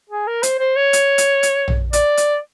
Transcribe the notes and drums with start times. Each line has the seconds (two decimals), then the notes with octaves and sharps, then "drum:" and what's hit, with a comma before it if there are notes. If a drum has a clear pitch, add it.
0.10 G#4
0.27 A#4
0.43 C5, drum: hi-hat
0.59 C5
0.76 C#5
0.93 drum: hi-hat
1.18 drum: hi-hat
1.43 drum: hi-hat
1.68 drum: tom A#1
1.93 D5, drum: hi-hat
2.17 drum: hi-hat